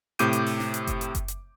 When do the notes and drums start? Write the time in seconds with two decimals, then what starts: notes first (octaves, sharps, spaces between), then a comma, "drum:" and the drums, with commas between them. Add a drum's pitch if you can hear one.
0.19 A2 C3 D6 G6 D#7, drum: hi-hat
0.33 drum: hi-hat
0.46 drum: open hi-hat
0.60 drum: snare
0.74 drum: hi-hat
0.87 drum: kick F#1, hi-hat
1.01 drum: hi-hat
1.15 drum: kick F#1, hi-hat
1.28 drum: hi-hat